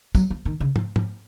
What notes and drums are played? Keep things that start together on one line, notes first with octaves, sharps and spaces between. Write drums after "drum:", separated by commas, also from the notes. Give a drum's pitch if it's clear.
F#3, drum: kick, tambourine
F3
D#3
C#3
drum: tom
drum: tom